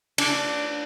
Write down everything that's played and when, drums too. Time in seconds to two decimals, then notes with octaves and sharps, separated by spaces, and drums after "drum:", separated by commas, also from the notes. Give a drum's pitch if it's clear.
0.18 D4, drum: cymbal